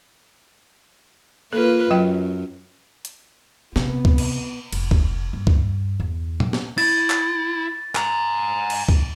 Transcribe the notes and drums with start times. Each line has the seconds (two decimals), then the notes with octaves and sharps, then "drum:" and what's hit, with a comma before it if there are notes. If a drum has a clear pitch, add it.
1.53 A#3 F4 A4 B4
1.91 F#2 F#3 G5
3.05 drum: hi-hat
3.76 C3 B3, drum: snare
4.05 drum: kick
4.18 drum: cymbal
4.72 F1, drum: cymbal
4.91 drum: kick
5.33 G2
5.47 drum: kick
6.00 E2
6.40 drum: tom A#2
6.53 drum: snare
6.78 E4 A6, drum: cymbal
7.10 drum: clap
7.95 G#5 A#5, drum: clap
8.70 drum: cymbal
8.89 drum: kick